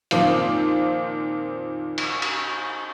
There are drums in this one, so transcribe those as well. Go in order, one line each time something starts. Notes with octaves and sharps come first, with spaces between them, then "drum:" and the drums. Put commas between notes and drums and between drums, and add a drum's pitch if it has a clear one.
F2 A#2 D#3 C4 F4, drum: hi-hat
drum: cymbal
drum: cymbal